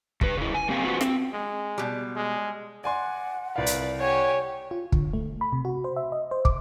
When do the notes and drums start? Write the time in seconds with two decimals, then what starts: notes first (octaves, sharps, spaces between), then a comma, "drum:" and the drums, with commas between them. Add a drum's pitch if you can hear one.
0.21 G2 B4, drum: kick
0.37 C#3 E4
0.54 G#5
0.68 F#2 A#3 C4 G4 F5 G#5
0.85 F4 F#4 B4 C5 F#5
1.01 C4, drum: rim click
1.33 G#3
1.78 B2 G3
2.16 G#3
2.84 D5 F#5 G#5 C6
3.56 C2 B4 D5 F5
3.66 drum: hi-hat
4.00 G4 C#5 F#5 G#5
4.71 F4
4.92 D3, drum: kick
5.13 A3
5.41 B5
5.53 C3
5.65 F#4
5.84 C5
5.96 E5
6.12 D#5
6.31 C5
6.45 D6, drum: kick